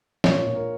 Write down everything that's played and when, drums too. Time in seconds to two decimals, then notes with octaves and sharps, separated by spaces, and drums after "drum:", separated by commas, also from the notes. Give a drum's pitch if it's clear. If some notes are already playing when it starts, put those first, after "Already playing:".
0.24 A#2 C#5, drum: snare
0.46 A#2
0.55 A#4